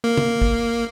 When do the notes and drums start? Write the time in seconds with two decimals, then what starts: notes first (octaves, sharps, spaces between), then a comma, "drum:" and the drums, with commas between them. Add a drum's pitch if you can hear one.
0.04 A#3
0.18 drum: tom
0.42 drum: kick